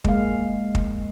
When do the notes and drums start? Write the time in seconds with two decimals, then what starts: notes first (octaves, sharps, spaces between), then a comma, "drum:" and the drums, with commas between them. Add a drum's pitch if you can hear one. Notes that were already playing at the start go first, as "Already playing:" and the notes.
0.04 G#3 A#3 F5, drum: kick
0.75 drum: kick